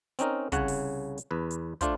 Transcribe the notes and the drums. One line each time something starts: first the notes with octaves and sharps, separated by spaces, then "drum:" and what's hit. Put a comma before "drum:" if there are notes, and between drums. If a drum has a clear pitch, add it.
C4 C#4 D#4 A#4, drum: hi-hat
C2 C#3 C#5 F#5, drum: kick, hi-hat
drum: open hi-hat
drum: hi-hat
E2 B4
drum: hi-hat
A3 D4 F4 C5, drum: kick, hi-hat